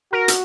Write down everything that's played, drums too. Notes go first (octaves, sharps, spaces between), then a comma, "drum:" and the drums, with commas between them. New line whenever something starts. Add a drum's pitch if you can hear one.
F#4 A#4
drum: hi-hat